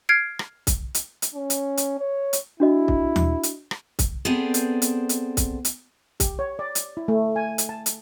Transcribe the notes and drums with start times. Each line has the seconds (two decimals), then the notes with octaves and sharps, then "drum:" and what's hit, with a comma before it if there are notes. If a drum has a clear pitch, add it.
0.09 F6 G#6 C7 D7
0.39 drum: rim click
0.67 drum: kick, hi-hat
0.94 drum: hi-hat
1.22 drum: hi-hat
1.35 C#4
1.50 drum: hi-hat
1.77 drum: hi-hat
2.00 C#5
2.33 drum: hi-hat
2.60 D4 E4 F#4 D#5
2.88 drum: kick
3.16 drum: tom D#2
3.43 drum: hi-hat
3.71 drum: rim click
3.99 drum: kick, hi-hat
4.25 B3 C4 G#4 A4 C5 D5
4.54 drum: hi-hat
4.82 drum: hi-hat
5.09 drum: hi-hat
5.37 drum: kick, hi-hat
5.65 drum: hi-hat
6.20 G4, drum: kick, hi-hat
6.39 C#5
6.59 D5
6.75 drum: hi-hat
6.97 E4
7.08 A3
7.36 G#5
7.58 drum: hi-hat
7.69 A5
7.86 drum: hi-hat